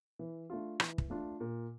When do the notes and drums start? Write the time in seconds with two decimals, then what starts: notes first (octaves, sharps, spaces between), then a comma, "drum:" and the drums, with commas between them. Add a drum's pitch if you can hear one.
0.19 E3
0.50 A3 D4 F4
0.80 E3, drum: rim click
0.98 drum: kick
1.10 A3 D4 F4
1.40 A#2